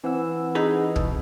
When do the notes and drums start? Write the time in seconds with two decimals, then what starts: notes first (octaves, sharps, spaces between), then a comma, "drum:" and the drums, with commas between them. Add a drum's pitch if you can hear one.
0.04 E3 C4 F#5 E6
0.55 D#4 G#4 B4
0.96 B2, drum: kick